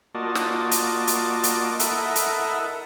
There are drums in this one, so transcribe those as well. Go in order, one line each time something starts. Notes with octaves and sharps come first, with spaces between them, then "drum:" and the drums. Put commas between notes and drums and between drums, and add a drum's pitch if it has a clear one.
A#3 F4 F#4 D5 D#5 A5
drum: snare
drum: hi-hat
drum: hi-hat
drum: hi-hat
E4 A4 A#4 D#5 E5 F#5, drum: hi-hat
drum: hi-hat